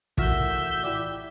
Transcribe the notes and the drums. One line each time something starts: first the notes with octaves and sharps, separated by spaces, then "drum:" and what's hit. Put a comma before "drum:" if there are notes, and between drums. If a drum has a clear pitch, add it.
A1 F#4 A#4 E5 G6, drum: kick
E4 G4 D5